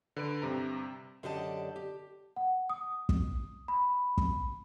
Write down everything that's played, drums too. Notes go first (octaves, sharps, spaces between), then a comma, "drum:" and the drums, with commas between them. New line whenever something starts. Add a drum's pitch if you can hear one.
D3 B4 D7
G2 C3 A#5
F#2 D3 D4 G4 D#5 A5
G4
F#5
D#6
drum: kick
B5
drum: kick